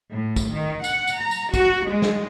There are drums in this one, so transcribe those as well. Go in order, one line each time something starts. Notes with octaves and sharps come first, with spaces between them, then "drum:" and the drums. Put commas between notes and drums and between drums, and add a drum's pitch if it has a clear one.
A2
drum: kick, tambourine
D#3
F#5, drum: tambourine
drum: tambourine
A#5
drum: tambourine
F#4, drum: kick, tambourine
G#3
drum: snare